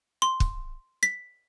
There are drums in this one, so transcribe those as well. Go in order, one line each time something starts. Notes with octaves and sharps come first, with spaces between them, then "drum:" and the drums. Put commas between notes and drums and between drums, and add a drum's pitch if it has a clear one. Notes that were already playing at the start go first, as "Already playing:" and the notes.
C6
drum: kick
B6